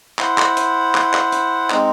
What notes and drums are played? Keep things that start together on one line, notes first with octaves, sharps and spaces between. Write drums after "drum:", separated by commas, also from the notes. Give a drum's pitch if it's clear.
E4 C5 F#5, drum: clap
drum: clap
drum: hi-hat
drum: clap
drum: clap
drum: hi-hat
G#3 C4 D#4, drum: clap